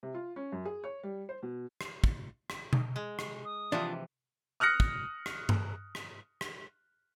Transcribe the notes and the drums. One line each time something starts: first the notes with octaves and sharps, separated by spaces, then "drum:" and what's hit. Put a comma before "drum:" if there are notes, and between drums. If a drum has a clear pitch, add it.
C3
F4
C#4
F#2
G#4
C#5
G3
C5
B2
drum: rim click
drum: kick
drum: rim click
drum: tom B2
G#3
drum: rim click
D#6
C3 E3 F3 D4 F4
D#6 F6 F#6 A#6 C#7
drum: kick
drum: rim click
drum: tom G2
drum: rim click
drum: rim click